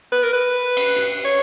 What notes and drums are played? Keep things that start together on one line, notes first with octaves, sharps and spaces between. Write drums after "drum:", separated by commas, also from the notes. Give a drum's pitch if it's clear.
B4
A#4
B4
drum: cymbal
drum: hi-hat
C#5